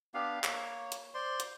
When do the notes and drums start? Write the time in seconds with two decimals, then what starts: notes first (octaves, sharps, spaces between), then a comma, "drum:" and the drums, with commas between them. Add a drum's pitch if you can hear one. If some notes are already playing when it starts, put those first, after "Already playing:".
0.14 B3 D4 G4 F5
0.44 A#3 C#5, drum: clap
0.92 drum: hi-hat
1.14 C5 D5 C6
1.40 drum: hi-hat